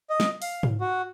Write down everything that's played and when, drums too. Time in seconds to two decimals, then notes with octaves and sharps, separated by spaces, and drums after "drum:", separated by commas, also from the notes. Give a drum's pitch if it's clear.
0.10 D#5
0.20 drum: snare
0.42 F5, drum: open hi-hat
0.63 drum: tom G#2
0.80 F#4